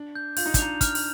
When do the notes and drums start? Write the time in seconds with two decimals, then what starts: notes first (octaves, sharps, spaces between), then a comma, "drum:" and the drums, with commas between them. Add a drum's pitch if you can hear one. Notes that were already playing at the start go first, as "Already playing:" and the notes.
Already playing: D4
0.15 G6
0.37 F4 G6, drum: open hi-hat
0.46 D#4
0.54 D4, drum: kick, hi-hat
0.59 D#4 F7
0.81 F6, drum: kick, hi-hat
0.95 drum: open hi-hat